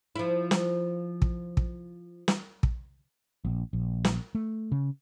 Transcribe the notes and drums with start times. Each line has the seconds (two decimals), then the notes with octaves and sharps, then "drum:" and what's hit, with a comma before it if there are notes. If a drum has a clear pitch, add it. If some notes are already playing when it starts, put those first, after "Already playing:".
0.16 F3 E4
0.51 drum: snare
1.22 drum: kick
1.57 drum: kick
2.28 drum: snare
2.63 drum: kick
3.45 A#1
3.73 A#1
4.05 drum: snare
4.35 A3
4.72 C#3